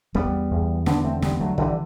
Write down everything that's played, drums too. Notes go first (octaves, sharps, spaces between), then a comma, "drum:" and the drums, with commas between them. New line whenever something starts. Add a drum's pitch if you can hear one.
E2 G3 B3, drum: kick
E2
D3 B3 D4, drum: snare
A3 C4
D3 G3 B3, drum: snare
F#3 A3
D3 E3 G3, drum: kick